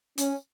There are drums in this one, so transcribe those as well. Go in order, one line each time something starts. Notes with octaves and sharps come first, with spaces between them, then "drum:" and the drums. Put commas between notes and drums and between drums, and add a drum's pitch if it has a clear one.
C#4, drum: hi-hat